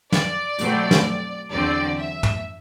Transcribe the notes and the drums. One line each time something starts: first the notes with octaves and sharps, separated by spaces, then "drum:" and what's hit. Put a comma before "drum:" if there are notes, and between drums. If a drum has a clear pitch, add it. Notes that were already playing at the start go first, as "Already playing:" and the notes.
D5, drum: snare
B2 F#3 A3 C4, drum: hi-hat
drum: snare
E2 D3 F#3 C4 D5
E5
drum: tom